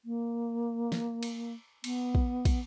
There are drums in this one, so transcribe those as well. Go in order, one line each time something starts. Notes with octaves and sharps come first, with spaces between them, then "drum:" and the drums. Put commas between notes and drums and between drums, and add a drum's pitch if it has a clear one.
A#3
drum: snare
drum: cymbal
B3, drum: cymbal
drum: kick
drum: kick, cymbal